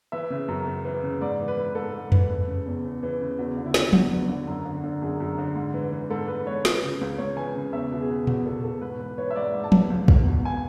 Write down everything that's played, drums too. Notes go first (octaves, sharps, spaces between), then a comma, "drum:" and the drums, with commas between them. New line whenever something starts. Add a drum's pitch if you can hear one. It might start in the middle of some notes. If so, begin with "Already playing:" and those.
E3 E5
C#3
F#2
F#2
E3
C#3
G#2 D5
E3
B4
E3
G#2 A4
G#2
E3, drum: tom F2
E3
C#3
E2
E2
E3
C#3
E2 F#4
D3
E4
D3, drum: snare
E2 F#4, drum: tom
E2
D3
F#2
D3
D3
F#2 G#4
F#2
D3
G#2
E3
E3
G#2 A4
G#2 B4
E3 C#5
E3, drum: snare
C#3
C#2
C#2 C#5
E3 G#5
C#3
E2 E5
B2
G#4
B2
E2 F#4, drum: tom A#2
E2 A4
B2 A4
G#2 B4
E3 B4
E3 C#5
E5
G#2 D5
G#2
A5
E3, drum: tom
C#2
B2, drum: kick
B2
G#5